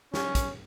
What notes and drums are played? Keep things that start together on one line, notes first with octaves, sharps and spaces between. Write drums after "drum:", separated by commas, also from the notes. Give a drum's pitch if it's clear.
C#4, drum: snare
drum: kick, hi-hat